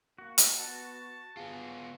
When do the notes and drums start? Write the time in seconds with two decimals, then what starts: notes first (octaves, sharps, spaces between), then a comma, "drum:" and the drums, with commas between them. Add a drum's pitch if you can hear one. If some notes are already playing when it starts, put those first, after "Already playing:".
0.18 A#3 F#4
0.38 drum: hi-hat
0.59 B3 A5
1.37 B3 F4 G#4